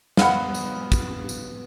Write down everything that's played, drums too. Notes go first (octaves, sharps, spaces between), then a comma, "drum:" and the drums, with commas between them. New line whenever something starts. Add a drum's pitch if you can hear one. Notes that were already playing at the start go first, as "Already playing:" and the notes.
B3 F5 F#5, drum: snare
drum: tambourine
drum: kick, tambourine
drum: tambourine